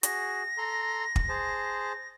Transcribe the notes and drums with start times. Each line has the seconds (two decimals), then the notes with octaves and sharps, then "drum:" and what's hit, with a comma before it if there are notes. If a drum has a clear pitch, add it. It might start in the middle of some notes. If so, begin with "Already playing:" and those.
0.03 F#4 G#4 A#6, drum: hi-hat
0.58 A4 A#5 C6
1.16 drum: kick
1.29 G#4 C5 A5